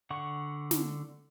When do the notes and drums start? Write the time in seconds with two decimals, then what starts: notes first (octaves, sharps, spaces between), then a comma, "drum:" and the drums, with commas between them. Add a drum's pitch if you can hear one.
0.10 D3 F#5 C#6
0.71 drum: snare